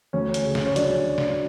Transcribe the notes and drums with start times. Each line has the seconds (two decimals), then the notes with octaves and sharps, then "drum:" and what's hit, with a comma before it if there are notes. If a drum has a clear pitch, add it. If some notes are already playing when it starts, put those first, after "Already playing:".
0.13 D2 C#4
0.34 drum: hi-hat
0.45 C#3
0.55 drum: snare
0.66 C#4
0.76 F#3 D4, drum: hi-hat
1.18 drum: snare